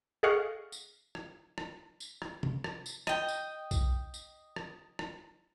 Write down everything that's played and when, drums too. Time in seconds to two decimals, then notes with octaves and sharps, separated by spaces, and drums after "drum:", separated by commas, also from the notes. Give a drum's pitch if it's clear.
0.23 G#4 A4 D#5 F5 F#5 C#6
0.72 drum: tambourine
1.15 drum: rim click
1.58 drum: rim click
2.00 drum: tambourine
2.22 drum: rim click
2.43 drum: tom
2.64 drum: rim click
2.86 drum: tambourine
3.07 D#5 G5, drum: rim click
3.28 drum: tambourine
3.71 drum: kick B1, tambourine
4.14 drum: tambourine
4.56 drum: rim click
4.99 drum: rim click